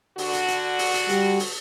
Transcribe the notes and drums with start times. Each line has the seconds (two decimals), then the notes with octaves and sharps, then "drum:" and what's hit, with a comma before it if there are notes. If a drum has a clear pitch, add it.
0.18 D3 F#4, drum: open hi-hat
0.33 drum: hi-hat
0.48 drum: hi-hat
0.79 drum: open hi-hat
0.94 drum: hi-hat
1.09 G3, drum: hi-hat
1.40 drum: open hi-hat